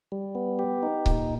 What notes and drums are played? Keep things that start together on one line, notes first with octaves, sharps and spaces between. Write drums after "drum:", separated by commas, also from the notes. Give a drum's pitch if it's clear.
G3
B3
G4
D#4
A#2, drum: kick C#1